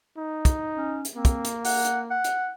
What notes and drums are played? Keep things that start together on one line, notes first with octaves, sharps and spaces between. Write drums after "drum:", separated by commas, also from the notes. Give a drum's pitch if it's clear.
D#4
drum: kick, hi-hat
C#4
drum: hi-hat
A#3 C4
drum: kick, hi-hat
drum: hi-hat
F#5, drum: open hi-hat
drum: hi-hat
F#5
drum: hi-hat